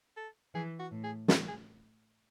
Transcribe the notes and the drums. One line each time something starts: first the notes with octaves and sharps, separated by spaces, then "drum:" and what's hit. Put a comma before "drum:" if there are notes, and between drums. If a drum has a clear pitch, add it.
A4
E3 G#4
F#4
A2
G#4
A4, drum: snare
G#4